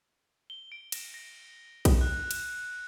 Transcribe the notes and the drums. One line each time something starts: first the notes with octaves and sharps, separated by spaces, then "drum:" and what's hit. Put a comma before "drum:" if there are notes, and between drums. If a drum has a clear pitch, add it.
G7
D7
A#6, drum: cymbal
A#6
drum: kick A#1, cymbal
F#6
drum: cymbal